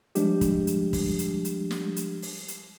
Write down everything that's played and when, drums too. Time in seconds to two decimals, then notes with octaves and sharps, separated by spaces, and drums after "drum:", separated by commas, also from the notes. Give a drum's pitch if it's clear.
0.15 F3 G3 G#3 D4 G4, drum: hi-hat
0.41 drum: kick, hi-hat
0.67 drum: hi-hat
0.93 drum: kick, open hi-hat
1.19 drum: hi-hat
1.45 drum: hi-hat
1.71 drum: snare
1.96 drum: hi-hat
2.22 drum: open hi-hat
2.48 drum: hi-hat